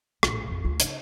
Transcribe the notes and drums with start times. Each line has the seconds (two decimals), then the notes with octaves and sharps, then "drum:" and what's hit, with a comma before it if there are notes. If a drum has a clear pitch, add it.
0.23 A#1 A2, drum: rim click
0.47 A1 F2
0.65 D2 F4
0.80 C#3 D#4, drum: hi-hat